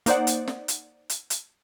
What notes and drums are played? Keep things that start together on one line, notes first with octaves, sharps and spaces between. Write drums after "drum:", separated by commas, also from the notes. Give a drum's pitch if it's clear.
A#3 D#4 C5 D5 F#5, drum: hi-hat
drum: hi-hat
drum: snare
drum: hi-hat
drum: hi-hat
drum: hi-hat